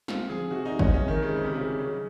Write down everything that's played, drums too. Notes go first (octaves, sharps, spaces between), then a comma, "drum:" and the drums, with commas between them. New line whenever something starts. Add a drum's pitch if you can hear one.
C4 F4, drum: snare
F3 G#4
C3 F#4
D#4
C3
C#4, drum: kick
G#3 C#4
D#3
G#3
C#3
C#3 C5
C3
C#3 F4
C#3 F#3